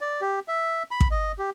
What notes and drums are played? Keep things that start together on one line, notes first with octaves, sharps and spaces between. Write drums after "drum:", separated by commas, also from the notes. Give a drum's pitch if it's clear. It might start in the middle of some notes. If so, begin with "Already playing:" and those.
D5
G4
E5
B5
drum: kick
D#5
G4